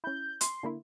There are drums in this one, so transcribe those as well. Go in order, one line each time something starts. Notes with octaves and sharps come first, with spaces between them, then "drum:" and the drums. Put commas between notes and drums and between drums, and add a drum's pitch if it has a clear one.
C#4 E4 G6
C6, drum: hi-hat
D3 A#3 E4